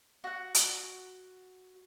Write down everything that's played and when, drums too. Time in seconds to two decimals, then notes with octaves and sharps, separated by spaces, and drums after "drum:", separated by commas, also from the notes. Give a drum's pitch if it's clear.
0.24 F#4 F#5
0.55 drum: hi-hat